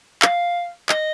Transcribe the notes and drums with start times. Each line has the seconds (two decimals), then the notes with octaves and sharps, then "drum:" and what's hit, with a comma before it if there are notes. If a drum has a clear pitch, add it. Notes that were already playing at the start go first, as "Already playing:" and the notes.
0.22 F5, drum: clap
0.89 D#5, drum: clap